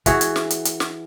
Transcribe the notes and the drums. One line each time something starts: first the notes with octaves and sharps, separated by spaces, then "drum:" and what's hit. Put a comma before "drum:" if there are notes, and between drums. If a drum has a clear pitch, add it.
E3 F#4 G#4, drum: kick, hi-hat
drum: hi-hat
drum: snare
drum: hi-hat
drum: hi-hat
drum: snare